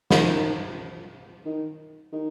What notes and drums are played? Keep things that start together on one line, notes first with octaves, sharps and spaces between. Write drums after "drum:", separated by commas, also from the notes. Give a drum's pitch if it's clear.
D#3, drum: snare
D#3
D#3